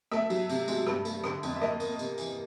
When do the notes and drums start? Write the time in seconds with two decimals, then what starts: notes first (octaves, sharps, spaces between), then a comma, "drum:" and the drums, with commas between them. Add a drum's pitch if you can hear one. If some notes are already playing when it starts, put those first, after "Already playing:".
0.12 A3 E5, drum: rim click
0.30 F#3, drum: tambourine
0.49 C3, drum: tambourine
0.68 G#3, drum: tambourine
0.87 G2, drum: rim click
1.05 A3, drum: tambourine
1.24 D3, drum: rim click
1.43 F2, drum: tambourine
1.57 E5
1.61 A#3 D#5, drum: rim click
1.80 A#3, drum: tambourine
1.99 C3, drum: tambourine
2.18 E3, drum: tambourine